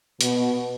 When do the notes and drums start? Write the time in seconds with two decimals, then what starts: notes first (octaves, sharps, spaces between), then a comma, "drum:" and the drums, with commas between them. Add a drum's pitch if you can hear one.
0.21 B2, drum: hi-hat